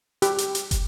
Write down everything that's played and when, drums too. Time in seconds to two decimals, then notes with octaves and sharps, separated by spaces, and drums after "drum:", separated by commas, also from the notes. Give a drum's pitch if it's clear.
0.22 G4, drum: hi-hat
0.38 drum: hi-hat
0.55 drum: hi-hat
0.71 drum: kick, hi-hat